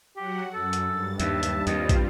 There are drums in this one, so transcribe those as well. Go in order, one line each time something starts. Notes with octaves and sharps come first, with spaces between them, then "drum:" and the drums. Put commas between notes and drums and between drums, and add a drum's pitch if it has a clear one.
F#3 F#4 G4 F#5
F#2 A4
drum: hi-hat
G2 A6
D#2 E5 A5, drum: hi-hat
drum: hi-hat
D#2 G3 C4 F4 D#5, drum: hi-hat
drum: kick, hi-hat